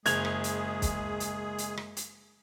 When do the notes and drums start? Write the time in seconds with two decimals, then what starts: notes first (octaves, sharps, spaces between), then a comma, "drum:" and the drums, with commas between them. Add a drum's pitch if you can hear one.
0.06 F#1 G#3 G#4 G#6 F7, drum: hi-hat
0.25 drum: rim click
0.44 drum: hi-hat
0.82 drum: kick, hi-hat
1.20 drum: hi-hat
1.58 drum: hi-hat
1.77 drum: rim click
1.97 drum: hi-hat